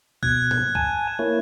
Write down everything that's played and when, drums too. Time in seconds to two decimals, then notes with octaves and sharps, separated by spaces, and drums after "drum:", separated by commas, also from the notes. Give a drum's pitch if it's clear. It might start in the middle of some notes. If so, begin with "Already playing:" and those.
0.23 B2 F#6 G#6, drum: kick C2
0.51 drum: tom G#2
0.75 G#5 A5, drum: kick C2
1.19 A#3 E4 C#5